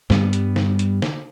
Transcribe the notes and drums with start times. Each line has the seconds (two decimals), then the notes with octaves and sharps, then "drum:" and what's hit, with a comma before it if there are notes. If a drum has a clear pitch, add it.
0.10 G2 G3 B3, drum: snare
0.33 drum: hi-hat
0.56 drum: snare
0.79 drum: hi-hat
1.02 drum: snare